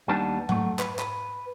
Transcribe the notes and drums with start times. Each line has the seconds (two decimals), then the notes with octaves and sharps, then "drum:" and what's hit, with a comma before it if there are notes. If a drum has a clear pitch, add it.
0.08 D#2 D#3 G3 B3 D4 A5
0.49 F#3 A3, drum: tom G#2
0.79 B4, drum: clap
0.99 B4, drum: clap